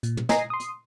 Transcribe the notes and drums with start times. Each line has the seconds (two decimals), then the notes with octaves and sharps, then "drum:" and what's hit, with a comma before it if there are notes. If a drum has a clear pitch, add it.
0.03 A#2, drum: hi-hat
0.17 drum: tom
0.29 D#5 G#5 A#5 D#6 A#6 C7, drum: snare
0.50 C6 D#6
0.60 drum: hi-hat